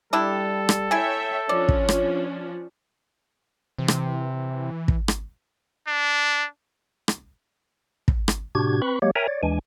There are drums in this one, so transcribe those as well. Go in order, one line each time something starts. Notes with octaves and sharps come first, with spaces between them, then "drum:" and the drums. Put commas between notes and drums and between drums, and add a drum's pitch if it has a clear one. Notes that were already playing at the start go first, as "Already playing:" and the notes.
G3 D4 E4 G4 A4
drum: rim click
E4 C#5 E5 G5 G#5
F3 C#4 D4 C#5 D5
drum: kick
drum: rim click
C3 E3
drum: rim click
drum: kick
drum: rim click
D4
drum: rim click
drum: kick
drum: rim click
A2 C3 D4 F#4 G4 G#6
C4 B4 B5 C#6
F#3 G#3 A#3 G4 C#5
A#4 C#5 E5 G5 G#5 A#5
C#5 D5
D#2 E3 G#3 D4 G#5